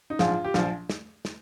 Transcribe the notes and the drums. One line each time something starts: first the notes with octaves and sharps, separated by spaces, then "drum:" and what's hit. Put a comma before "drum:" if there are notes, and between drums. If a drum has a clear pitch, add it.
D#4
A#1 G#2 F3 F4, drum: snare
G4
A#1 F3 F4, drum: snare
drum: snare
drum: snare